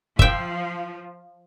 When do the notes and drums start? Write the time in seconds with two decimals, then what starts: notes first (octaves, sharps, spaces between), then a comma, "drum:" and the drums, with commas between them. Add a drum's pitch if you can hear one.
0.19 F3 E5 G5, drum: kick